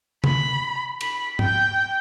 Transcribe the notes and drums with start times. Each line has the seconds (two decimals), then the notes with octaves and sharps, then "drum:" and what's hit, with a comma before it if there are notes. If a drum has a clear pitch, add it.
0.24 B5, drum: tom
1.01 B5, drum: cymbal
1.39 G5, drum: tom